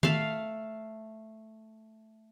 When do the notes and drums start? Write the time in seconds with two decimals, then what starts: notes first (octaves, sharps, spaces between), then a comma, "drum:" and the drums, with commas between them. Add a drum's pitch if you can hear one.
0.03 A3 F5, drum: tom D#3